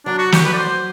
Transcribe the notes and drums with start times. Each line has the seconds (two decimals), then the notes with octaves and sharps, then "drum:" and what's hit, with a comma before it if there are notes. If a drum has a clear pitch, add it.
0.06 F#3 D4
0.19 F#4
0.32 G4, drum: snare
0.45 B4
0.53 D5
0.58 C5